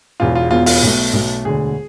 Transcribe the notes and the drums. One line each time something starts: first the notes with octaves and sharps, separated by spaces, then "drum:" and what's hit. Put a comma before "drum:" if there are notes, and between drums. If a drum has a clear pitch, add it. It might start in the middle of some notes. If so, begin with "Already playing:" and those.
E1 E2 B2 F4
F4
E1 E2 B2 F4
F4, drum: open hi-hat
B1 B2 A3
B1 B2 A3
E1 D2 D3 G#4